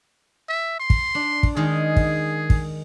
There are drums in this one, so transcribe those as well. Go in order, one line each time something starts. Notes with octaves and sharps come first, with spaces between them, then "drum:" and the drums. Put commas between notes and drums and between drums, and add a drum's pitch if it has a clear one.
E5
C6
drum: kick
D4
drum: kick
D#3 G#3 G#4
drum: kick
drum: kick